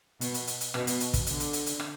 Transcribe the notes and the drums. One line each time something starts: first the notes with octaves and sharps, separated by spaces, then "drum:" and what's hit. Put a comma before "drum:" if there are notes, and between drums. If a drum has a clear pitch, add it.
B2, drum: hi-hat
drum: hi-hat
drum: hi-hat
drum: hi-hat
B2, drum: rim click
drum: hi-hat
drum: hi-hat
drum: kick, hi-hat
D3, drum: hi-hat
drum: hi-hat
drum: hi-hat
drum: hi-hat
drum: rim click